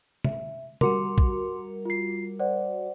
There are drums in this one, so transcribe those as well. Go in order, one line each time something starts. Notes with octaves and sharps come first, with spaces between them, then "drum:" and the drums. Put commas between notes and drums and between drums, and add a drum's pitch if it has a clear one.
E5, drum: tom
G3 F#4 A#4 C6 D6, drum: tom
drum: kick
F4 C7
C5 D5 F#5